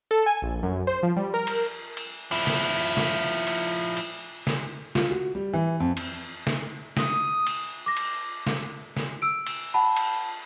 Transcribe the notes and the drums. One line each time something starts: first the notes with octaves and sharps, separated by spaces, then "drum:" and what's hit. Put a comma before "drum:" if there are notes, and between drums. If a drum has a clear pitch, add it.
A4
G#5
A#1
F#2
C5
F3
G3
A#4
drum: cymbal
drum: cymbal
F3 E4
drum: snare
drum: snare
drum: cymbal
drum: cymbal
drum: snare
F4, drum: snare
F#4
G3
E3
F2
drum: cymbal
drum: snare
D#6, drum: snare
drum: cymbal
D6 A#6
drum: cymbal
drum: snare
drum: snare
E6 D7
drum: cymbal
F#5 A5 B5
drum: cymbal